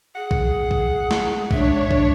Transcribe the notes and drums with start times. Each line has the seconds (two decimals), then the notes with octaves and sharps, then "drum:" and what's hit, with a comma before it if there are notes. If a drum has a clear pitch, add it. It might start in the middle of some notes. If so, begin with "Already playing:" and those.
0.16 G#4 F#5
0.31 drum: kick B1
0.71 drum: kick B1
1.11 drum: snare
1.51 G#2 D4 C#5 E5, drum: kick B1
1.91 drum: kick B1